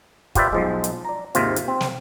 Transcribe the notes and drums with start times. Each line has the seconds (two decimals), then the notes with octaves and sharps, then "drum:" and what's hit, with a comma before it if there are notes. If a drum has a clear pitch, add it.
0.35 F4 G4 B4 C5 D5 E5, drum: kick, hi-hat
0.53 B1 F3 G#3
0.84 drum: hi-hat
1.05 D5 A#5
1.35 D#2 G#2 C3 F4, drum: hi-hat
1.56 drum: hi-hat
1.68 C4
1.81 drum: snare